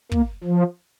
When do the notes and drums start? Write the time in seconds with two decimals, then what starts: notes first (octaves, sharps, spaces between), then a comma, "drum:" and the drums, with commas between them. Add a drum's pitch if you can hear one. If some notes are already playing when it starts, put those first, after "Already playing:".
0.12 A#3, drum: kick
0.44 F3